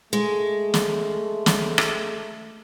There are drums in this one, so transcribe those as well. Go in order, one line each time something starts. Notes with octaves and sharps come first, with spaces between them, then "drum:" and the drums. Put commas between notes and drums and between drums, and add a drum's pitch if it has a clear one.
G#3 A3
drum: snare
drum: snare
drum: rim click